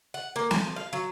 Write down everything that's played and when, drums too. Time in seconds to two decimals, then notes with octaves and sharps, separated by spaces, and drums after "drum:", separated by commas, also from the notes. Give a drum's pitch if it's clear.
0.14 F#5
0.36 A#3
0.51 F3, drum: snare
0.76 F5
0.93 F#3